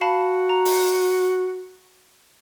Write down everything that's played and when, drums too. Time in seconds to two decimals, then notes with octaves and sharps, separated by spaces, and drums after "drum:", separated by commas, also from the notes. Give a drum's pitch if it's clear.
0.01 F#4 F5 A5 B5
0.49 A#5
0.65 drum: open hi-hat